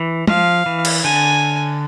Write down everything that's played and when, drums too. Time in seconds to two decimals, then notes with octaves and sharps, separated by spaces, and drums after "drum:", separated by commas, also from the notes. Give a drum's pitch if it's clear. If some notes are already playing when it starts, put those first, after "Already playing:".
Already playing: E3
0.28 F3 F5, drum: tom G#3
0.66 E3
0.85 drum: cymbal
1.04 D3 G#5